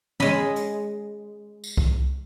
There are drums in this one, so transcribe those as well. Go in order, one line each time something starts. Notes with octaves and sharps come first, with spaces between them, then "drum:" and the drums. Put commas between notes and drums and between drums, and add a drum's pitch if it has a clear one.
G#3 C#4 D#5 B5, drum: tom
drum: hi-hat
drum: tambourine
drum: kick C2